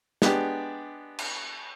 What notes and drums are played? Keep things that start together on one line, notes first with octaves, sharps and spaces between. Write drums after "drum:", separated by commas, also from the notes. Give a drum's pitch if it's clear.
G#3 B3 D4 G4, drum: snare
drum: cymbal